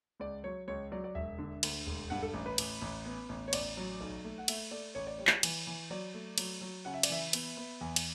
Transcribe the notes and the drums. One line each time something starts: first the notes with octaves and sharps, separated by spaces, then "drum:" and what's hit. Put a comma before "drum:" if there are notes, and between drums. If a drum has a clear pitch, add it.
C#2 D5
F#3 C#5
C#2 C#5
F#3 D5
D5
E1 E5
D3
D2, drum: cymbal
E1
G2 F#5
A4
A1
B4
A1, drum: cymbal
A1
B3
A1
C#5
A1 D5, drum: cymbal
F#3
B1
A3
F#5
A3 E5, drum: cymbal
A3 D5
A1 C#5
D5
G3 C#5
drum: clap
E3, drum: cymbal
E3
F#3 D5
A3
F#3, drum: cymbal
F#3
C#3 F#5
E5
D5, drum: cymbal
E3 E5
B3, drum: cymbal
B3
E2
drum: cymbal